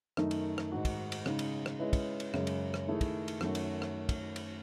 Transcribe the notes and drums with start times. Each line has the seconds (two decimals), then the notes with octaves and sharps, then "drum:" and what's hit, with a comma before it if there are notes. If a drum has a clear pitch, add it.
0.17 F#2 D#3 A3 D#4, drum: rim click
0.31 drum: cymbal
0.58 drum: rim click
0.72 G#2 D#3 G#3 D#4 F#4
0.85 drum: kick, cymbal
1.12 drum: cymbal
1.26 C#3 G#3 D#4, drum: rim click
1.39 drum: cymbal
1.66 drum: rim click
1.80 G#3 C#4 E4 B4 D#5
1.93 drum: kick, cymbal
2.20 drum: cymbal
2.34 F#2 C#3 G#3 C#4, drum: rim click
2.47 drum: cymbal
2.74 drum: rim click
2.87 D#3 A3 E4 G#4
3.01 drum: kick, cymbal
3.28 drum: cymbal
3.41 F#2 D#3 A3 C#4 F#4, drum: rim click
3.55 drum: cymbal
3.82 drum: rim click
4.09 drum: kick, cymbal
4.36 drum: cymbal